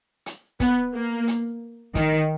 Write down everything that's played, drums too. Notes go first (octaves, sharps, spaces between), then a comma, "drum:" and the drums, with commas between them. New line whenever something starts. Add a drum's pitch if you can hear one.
drum: hi-hat
B3, drum: kick, hi-hat
A#3
drum: hi-hat
D#3, drum: kick, hi-hat